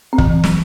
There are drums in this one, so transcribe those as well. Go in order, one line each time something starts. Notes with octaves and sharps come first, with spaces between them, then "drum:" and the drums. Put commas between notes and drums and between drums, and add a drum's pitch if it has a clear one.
C4
E3, drum: kick
drum: snare